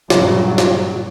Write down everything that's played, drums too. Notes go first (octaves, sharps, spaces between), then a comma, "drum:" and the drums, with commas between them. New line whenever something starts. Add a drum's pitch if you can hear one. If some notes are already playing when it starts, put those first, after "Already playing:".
G2 A#2 C#3 F#3, drum: snare
drum: snare